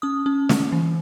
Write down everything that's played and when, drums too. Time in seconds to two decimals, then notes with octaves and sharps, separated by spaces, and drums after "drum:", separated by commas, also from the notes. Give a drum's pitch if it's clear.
0.02 C#4 D#6
0.26 C#4
0.49 A#3, drum: snare
0.72 E3